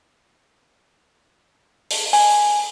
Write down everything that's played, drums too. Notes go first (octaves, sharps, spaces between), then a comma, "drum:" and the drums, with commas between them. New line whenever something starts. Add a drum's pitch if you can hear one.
drum: open hi-hat
G#5, drum: open hi-hat